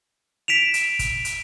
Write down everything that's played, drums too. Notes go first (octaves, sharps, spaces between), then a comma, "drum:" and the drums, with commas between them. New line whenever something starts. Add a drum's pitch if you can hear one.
B6 D7 E7 F7
drum: hi-hat
drum: kick, hi-hat
drum: hi-hat